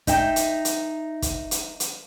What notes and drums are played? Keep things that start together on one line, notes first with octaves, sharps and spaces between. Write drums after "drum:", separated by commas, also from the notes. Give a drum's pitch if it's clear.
D#4 E5 G5, drum: kick, hi-hat
drum: hi-hat
drum: hi-hat
drum: kick, hi-hat
drum: hi-hat
drum: hi-hat